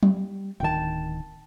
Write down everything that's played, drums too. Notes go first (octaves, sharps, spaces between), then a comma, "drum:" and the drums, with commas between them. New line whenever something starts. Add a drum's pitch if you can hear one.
G3, drum: tom F#3
D1 D#3 G5 A5